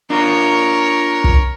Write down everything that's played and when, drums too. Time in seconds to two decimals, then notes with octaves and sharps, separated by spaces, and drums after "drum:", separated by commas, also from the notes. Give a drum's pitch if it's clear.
0.10 D4 F4 A#4 C#5
1.24 drum: kick